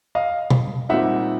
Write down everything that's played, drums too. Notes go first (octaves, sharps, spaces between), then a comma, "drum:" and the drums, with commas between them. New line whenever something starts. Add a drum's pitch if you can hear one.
D#5 F5
drum: tom B2
A#2 G3 C4 D#4 E5 F#5